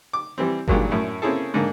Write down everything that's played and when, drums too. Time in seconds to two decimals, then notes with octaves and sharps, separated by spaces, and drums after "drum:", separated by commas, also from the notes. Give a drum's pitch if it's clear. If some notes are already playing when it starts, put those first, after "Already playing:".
0.13 D6
0.38 E3 G3 C4
0.68 G2 A#2 D#3 F#3 G#3 A#3, drum: kick G1
0.91 F#2 A2
1.22 A#3 C4 C#4 E4 G#4 A4
1.54 G#2 D3 A#3